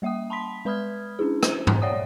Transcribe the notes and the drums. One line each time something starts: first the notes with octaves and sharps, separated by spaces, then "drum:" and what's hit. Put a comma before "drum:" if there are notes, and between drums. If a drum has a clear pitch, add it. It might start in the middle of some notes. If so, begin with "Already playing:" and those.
G3 A#3 E5 G5 D#6
A5 B5 C6 B6
G#3 B4 B5 D#6 F6 G#6
C#4 D4 E4 G#4
C5, drum: rim click
drum: tom G#2
C#5 D5 E5 F#5 G5 D#6